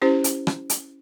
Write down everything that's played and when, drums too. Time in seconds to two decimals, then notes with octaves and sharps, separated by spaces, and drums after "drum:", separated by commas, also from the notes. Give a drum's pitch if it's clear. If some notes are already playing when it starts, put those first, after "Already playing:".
0.02 C#4 E4 G4 C5
0.24 drum: hi-hat
0.47 drum: rim click
0.70 drum: hi-hat